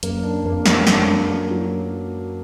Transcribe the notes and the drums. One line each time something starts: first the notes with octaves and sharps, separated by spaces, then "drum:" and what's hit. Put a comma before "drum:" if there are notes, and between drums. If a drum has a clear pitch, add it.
F#2 A#3, drum: hi-hat
D4
F2 A#3
F#3, drum: snare
F#2 D4, drum: snare
A#3
A#3
F#3